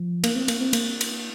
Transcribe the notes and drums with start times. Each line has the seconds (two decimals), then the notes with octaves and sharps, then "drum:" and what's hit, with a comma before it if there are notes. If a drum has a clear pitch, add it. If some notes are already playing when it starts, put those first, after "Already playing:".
Already playing: F3
0.24 A#3, drum: cymbal
0.36 C4
0.48 A#3, drum: cymbal
0.61 C4
0.73 A#3, drum: cymbal
1.01 drum: cymbal